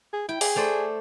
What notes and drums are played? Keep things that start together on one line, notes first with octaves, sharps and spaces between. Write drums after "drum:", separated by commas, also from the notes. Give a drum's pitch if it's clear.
G#4
E4 G5
G#4, drum: open hi-hat
A3 C5 D5